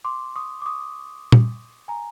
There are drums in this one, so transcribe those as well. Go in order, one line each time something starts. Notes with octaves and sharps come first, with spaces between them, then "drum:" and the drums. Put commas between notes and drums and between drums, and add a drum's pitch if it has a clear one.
C6 D6
C#6 D#6
D6
C#6 D#6
drum: tom A#2
G#5 A#5